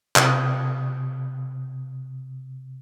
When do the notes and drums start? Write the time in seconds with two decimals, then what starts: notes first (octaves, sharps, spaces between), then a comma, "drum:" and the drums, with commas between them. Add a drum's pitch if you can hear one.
0.16 C3 D#6, drum: clap